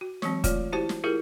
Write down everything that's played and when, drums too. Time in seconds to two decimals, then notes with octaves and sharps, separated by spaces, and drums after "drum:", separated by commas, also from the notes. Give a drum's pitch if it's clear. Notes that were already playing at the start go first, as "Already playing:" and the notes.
0.01 F#4
0.22 E3 F#3 G#3 C4, drum: snare
0.44 A3 F4 C#5 D5, drum: kick, hi-hat
0.73 E4 F#4 G4 C5 A5
0.89 drum: snare
1.04 E4 F4 G4 G#4 A#4